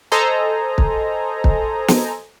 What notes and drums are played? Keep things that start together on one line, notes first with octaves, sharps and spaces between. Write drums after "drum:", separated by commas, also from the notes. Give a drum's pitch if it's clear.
A4 C5 D#5 G#5 A#5
drum: kick
drum: kick
drum: snare